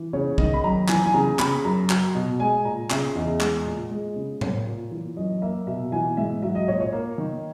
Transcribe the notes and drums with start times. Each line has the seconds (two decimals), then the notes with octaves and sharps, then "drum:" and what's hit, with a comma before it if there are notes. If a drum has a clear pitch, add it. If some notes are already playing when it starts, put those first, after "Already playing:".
Already playing: E3
0.13 C#3 C#5
0.38 D#3 D#5, drum: kick
0.54 B5
0.64 F#2 A#5
0.88 E3 G#5, drum: clap
1.06 G#5
1.14 C#3 A#5
1.39 C#3 B5, drum: clap
1.65 F#2 A#5
1.90 F#3, drum: clap
2.15 B2
2.40 G#3 G#5
2.65 A#2 A#5
2.90 C#3 E5, drum: clap
3.15 E2 D#5
3.41 G#3, drum: clap
3.66 A#2
3.91 G#3
4.16 C#3
4.41 A#3 C#5, drum: tom A2
4.66 A#2
4.91 E3
5.16 F#2 D#5
5.42 A#3 E5
5.67 B2 E5
5.92 E3 G#5
6.17 G#2 E5
6.42 F#3 E5
6.55 D#5
6.68 A#2 C#5
6.81 C#5
6.93 A#3
7.18 D#3